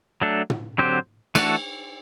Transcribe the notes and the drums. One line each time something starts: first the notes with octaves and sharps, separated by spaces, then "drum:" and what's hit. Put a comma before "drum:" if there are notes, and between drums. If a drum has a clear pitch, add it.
F#3 A3 D4 A4
drum: tom
D3 F#3 C4 G4 C5
E3 A3 D4 F#4 A4, drum: cymbal